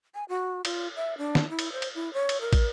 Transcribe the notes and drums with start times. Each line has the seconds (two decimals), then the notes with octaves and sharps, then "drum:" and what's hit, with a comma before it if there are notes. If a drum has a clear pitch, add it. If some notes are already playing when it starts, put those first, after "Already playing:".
0.15 G#5
0.29 F#4
0.65 F4, drum: cymbal
0.96 E5
1.18 D4
1.35 drum: snare
1.50 E4
1.59 drum: cymbal
1.73 C5
1.82 drum: cymbal
1.95 E4
2.13 C#5
2.29 drum: cymbal
2.41 A#4
2.53 drum: kick, cymbal